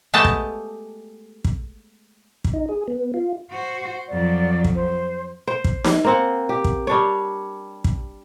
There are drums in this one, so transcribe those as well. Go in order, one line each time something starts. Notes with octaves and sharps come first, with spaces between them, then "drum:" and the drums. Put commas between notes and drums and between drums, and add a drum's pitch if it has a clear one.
G#3 A3 B3 G4 D#5 A5
drum: kick
drum: kick
drum: kick
D#4
G#4
B3
F4
F#4 C5
F2 F#3 D5
drum: kick
C5
C5
drum: kick
drum: snare D#4
A#3 C4 F#5
G4
drum: kick
G3 D4 C#5
drum: kick